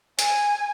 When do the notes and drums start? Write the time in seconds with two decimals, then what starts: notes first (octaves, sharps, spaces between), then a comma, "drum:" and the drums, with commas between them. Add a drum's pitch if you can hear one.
0.19 G#5, drum: hi-hat